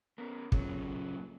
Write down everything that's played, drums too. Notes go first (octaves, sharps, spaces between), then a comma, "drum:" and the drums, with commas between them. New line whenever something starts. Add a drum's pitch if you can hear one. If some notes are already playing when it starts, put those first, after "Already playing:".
B3 C#4 A#4
A#2 C#3 F#3, drum: kick